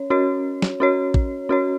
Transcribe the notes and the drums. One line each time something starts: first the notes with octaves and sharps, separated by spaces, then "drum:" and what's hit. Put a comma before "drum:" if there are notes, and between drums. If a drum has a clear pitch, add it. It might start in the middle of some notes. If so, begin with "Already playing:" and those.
Already playing: C#4 C#5
C#4 F#4 C#5
drum: snare
C#4 F#4 C#5
drum: kick A1
C#4 F#4 C#5